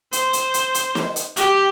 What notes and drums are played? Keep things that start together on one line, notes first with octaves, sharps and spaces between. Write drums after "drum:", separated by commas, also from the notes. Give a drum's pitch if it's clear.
C5, drum: hi-hat
drum: hi-hat
drum: hi-hat
drum: hi-hat
drum: snare
drum: hi-hat
G4, drum: hi-hat